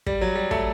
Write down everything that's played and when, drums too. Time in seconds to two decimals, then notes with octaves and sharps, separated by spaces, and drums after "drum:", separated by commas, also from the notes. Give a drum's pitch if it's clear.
0.06 G3, drum: kick
0.21 F#3
0.35 G3
0.51 A3, drum: kick